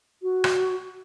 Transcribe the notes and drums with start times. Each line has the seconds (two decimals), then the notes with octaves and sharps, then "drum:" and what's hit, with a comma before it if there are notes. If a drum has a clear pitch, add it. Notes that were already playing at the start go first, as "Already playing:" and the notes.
0.22 F#4
0.44 drum: rim click